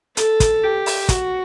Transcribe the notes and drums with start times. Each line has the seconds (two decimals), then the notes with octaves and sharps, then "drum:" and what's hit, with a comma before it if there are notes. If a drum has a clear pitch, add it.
0.17 A4, drum: hi-hat
0.40 drum: kick, hi-hat
0.63 G4
0.86 drum: open hi-hat
1.09 F#4, drum: kick, hi-hat